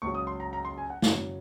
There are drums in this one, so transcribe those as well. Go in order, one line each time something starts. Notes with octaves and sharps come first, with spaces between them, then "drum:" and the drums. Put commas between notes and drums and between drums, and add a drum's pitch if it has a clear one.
C#2 C#3 F#3 C#6
D#6
C6
A#5
A#5
C6
G#5
F#5
F#2 C#3 F#3 F5, drum: snare